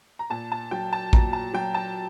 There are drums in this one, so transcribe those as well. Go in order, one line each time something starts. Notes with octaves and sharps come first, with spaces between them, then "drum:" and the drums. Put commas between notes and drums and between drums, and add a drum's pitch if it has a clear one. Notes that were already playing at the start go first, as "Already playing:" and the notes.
A#5
A#2 A5
A5
F#3 G5
A5
A#2 A#5, drum: kick A1
A5
F#3 G5
A5